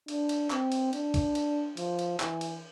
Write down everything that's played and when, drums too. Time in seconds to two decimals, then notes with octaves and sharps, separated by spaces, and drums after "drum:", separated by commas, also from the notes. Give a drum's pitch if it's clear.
0.08 D4, drum: cymbal
0.29 drum: cymbal
0.50 C4, drum: clap
0.72 drum: cymbal
0.93 D4, drum: cymbal
1.14 drum: kick, cymbal
1.35 drum: cymbal
1.77 F3, drum: cymbal
1.99 drum: cymbal
2.20 E3, drum: clap
2.41 drum: cymbal